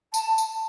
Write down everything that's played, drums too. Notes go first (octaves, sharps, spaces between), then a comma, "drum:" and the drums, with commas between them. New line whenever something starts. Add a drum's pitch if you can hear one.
A5, drum: tambourine
drum: tambourine